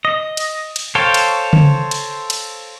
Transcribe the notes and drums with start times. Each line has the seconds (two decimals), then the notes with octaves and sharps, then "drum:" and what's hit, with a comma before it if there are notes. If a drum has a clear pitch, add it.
0.05 D#5
0.37 drum: cymbal
0.76 drum: cymbal
0.95 A4 C5 C#5 F5 G5
1.14 drum: cymbal
1.53 drum: tom C#3
1.91 drum: cymbal
2.30 drum: cymbal